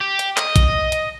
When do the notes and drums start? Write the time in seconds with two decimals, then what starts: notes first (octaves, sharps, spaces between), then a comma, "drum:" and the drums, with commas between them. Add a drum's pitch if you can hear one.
0.01 G4
0.19 drum: hi-hat
0.37 D#5, drum: clap
0.56 drum: kick, hi-hat
0.92 drum: hi-hat